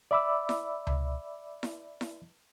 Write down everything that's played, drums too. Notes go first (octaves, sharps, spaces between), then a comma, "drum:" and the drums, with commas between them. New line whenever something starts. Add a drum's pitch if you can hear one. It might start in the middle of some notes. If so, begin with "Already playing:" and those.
D5 E5 B5 D6 E6
drum: snare E4
drum: tom C#2
drum: snare E4
drum: snare E4